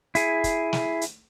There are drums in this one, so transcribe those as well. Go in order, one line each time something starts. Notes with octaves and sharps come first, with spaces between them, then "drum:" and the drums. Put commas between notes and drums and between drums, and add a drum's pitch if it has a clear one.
E4 G#4, drum: hi-hat
drum: kick, hi-hat
drum: snare
drum: hi-hat